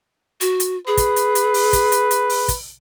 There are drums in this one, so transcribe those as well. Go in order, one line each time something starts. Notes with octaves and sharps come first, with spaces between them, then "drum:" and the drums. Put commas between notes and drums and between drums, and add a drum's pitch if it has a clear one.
F#4, drum: hi-hat
drum: hi-hat
G#4 B4
drum: kick, hi-hat
drum: hi-hat
drum: hi-hat
drum: open hi-hat
drum: kick, hi-hat
drum: hi-hat
drum: hi-hat
drum: open hi-hat
drum: kick, hi-hat